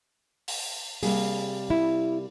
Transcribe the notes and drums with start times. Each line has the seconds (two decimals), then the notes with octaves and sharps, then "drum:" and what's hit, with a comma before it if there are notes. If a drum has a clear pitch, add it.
0.48 drum: open hi-hat
1.03 C3 G3 A#3 G#4, drum: open hi-hat
1.70 E4